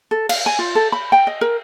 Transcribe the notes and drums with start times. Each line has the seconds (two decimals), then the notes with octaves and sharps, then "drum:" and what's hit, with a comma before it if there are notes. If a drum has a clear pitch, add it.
0.11 A4
0.29 F5, drum: cymbal
0.46 G#5
0.59 F4
0.75 A4
0.92 B5
1.12 G5
1.27 D#5
1.41 A#4